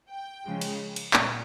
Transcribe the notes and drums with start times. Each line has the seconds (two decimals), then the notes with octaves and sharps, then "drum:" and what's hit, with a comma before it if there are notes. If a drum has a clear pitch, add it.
0.10 G5
0.44 C#3 F3 G#3
0.61 drum: cymbal
0.96 drum: cymbal
1.13 A#2, drum: clap